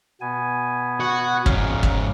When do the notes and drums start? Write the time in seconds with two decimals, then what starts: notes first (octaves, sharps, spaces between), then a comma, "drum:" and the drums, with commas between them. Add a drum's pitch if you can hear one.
0.21 B2 B3 G#5
1.00 F#4
1.46 G#2 C#4 F5, drum: kick
1.83 drum: kick